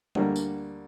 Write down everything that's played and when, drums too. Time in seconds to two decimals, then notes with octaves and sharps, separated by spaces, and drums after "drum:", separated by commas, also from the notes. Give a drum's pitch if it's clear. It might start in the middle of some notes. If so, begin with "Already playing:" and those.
0.15 D2 D3 G3 A#3, drum: tom G3
0.36 drum: tambourine